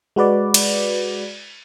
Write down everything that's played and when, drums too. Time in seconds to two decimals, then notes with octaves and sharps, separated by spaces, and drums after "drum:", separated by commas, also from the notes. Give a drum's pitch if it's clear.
0.16 G#3 F#4 B4 D5
0.54 drum: cymbal